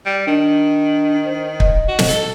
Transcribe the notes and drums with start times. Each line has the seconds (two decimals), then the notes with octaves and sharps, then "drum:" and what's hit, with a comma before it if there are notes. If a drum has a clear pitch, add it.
0.06 G3 D5
0.27 D#3 D4
1.25 C5
1.60 D#5, drum: kick
1.88 F#4
1.99 drum: snare
2.08 A4